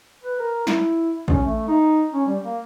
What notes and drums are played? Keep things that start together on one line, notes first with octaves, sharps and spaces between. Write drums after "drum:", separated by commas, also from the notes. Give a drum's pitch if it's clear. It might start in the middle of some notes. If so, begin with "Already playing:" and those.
B4
A#4
E4, drum: snare
C#4, drum: kick
A3
D#4
C#4
G3
A#3